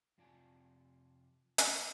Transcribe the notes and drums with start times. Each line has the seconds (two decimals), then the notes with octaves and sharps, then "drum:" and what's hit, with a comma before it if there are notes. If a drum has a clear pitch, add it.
0.18 F2 C3 F4 D5 G#5 A5
1.58 drum: hi-hat